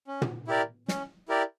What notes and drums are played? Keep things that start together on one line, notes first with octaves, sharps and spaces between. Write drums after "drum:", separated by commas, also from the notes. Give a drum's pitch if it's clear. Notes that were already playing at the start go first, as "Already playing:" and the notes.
C#4
drum: tom
E4 G4 A#4 D5
C#4, drum: snare
E4 G4 A#4 D5